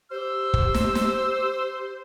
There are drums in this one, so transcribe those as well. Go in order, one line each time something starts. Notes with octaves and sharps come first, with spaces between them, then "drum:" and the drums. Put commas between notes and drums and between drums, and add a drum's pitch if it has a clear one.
G4 C5 E6
drum: kick
drum: snare
drum: snare